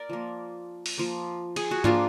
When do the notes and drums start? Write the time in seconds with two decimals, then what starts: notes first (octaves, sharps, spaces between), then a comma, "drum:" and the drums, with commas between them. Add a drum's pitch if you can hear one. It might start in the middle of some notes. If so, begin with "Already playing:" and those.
Already playing: A#4 D5
0.09 F3 A#3
0.86 drum: open hi-hat
0.98 F3 A#3
1.56 G#4, drum: cymbal
1.71 F#4
1.84 F3 A#3 D4 F4, drum: tom G#2